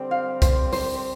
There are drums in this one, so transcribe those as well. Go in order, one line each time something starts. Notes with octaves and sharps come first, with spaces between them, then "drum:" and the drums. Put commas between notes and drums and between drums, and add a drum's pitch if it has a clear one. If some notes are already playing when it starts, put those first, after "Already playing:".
Already playing: D3 G3 C4
F5
C5, drum: kick C2, hi-hat
C5, drum: open hi-hat